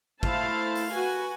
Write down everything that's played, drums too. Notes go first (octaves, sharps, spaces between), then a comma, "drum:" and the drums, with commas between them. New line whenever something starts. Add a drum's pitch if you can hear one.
A3 E4 C5 F5 A5, drum: kick
drum: open hi-hat
F#4 B4 G#5